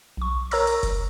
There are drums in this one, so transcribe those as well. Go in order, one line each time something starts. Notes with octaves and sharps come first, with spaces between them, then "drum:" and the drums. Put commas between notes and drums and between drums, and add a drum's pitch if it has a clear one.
B1 C#6
A#4 C#5 A#5 C#6 E6 A#6, drum: open hi-hat
drum: hi-hat
drum: kick F1, hi-hat